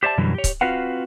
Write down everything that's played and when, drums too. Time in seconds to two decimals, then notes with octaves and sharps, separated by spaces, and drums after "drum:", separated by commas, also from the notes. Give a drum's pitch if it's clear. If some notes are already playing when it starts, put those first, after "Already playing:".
0.03 G4 C5 D5 E5 A5
0.18 F#2 B2 D3 E3 F#3 G3
0.34 G4 C#5
0.44 drum: kick C#1, hi-hat
0.61 C4 F4 F#4 B4 F5 F#5